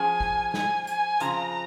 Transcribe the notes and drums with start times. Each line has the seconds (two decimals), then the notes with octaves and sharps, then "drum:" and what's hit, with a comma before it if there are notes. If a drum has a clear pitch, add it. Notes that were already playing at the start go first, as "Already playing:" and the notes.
Already playing: F3 C#4 G#4 G#5
0.20 drum: kick
0.54 G#5, drum: snare
0.87 G#5, drum: hi-hat
1.20 F2 C#3 F3 A#5, drum: hi-hat